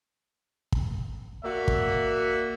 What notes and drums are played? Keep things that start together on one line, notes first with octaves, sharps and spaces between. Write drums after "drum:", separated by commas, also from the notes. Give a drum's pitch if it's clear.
drum: kick
A#3 F#4 D5 E5
drum: kick